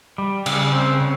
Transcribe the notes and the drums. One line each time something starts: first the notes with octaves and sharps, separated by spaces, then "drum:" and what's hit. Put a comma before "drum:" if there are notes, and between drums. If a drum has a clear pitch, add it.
G3
C#3, drum: cymbal
C4
C#3